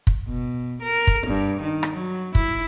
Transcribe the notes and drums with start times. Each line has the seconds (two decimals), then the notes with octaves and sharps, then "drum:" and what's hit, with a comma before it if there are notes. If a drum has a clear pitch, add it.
0.07 drum: kick
0.28 B2
0.82 A#4
1.07 drum: kick
1.27 G2
1.61 D#3
1.83 drum: rim click
1.94 F#3
2.35 E4, drum: kick